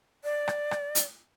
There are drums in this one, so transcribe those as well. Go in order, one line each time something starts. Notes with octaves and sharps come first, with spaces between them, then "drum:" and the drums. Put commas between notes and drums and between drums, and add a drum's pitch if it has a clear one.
D5
drum: rim click
drum: rim click
drum: hi-hat